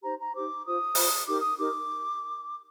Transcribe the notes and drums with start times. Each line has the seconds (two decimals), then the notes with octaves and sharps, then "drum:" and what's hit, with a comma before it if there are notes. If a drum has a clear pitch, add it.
0.02 D#4 G4 C5 A#5
0.19 A#5
0.33 D#4 G4 C5 D6
0.65 F4 C5 D#6
0.95 F4 C5, drum: open hi-hat
1.26 D#4 G4 A#4 D6
1.41 D#6
1.57 D#4 G4 A#4 D6